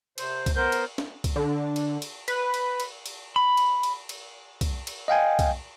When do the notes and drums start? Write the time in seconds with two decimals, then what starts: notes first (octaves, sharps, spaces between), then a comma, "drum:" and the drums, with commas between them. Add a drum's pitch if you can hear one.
0.18 C3 C5, drum: cymbal
0.46 drum: kick, cymbal
0.56 B3 A#4 C5 G6
0.72 drum: cymbal
0.98 drum: snare
1.24 drum: kick, cymbal
1.36 D3
1.76 drum: cymbal
2.02 drum: cymbal
2.28 B4, drum: cymbal
2.54 drum: cymbal
2.80 drum: cymbal
3.06 drum: cymbal
3.36 B5
3.57 drum: cymbal
3.83 drum: cymbal
4.09 drum: cymbal
4.61 drum: kick, cymbal
4.87 drum: cymbal
5.08 D#5 F5 G5 G#5
5.39 drum: kick, cymbal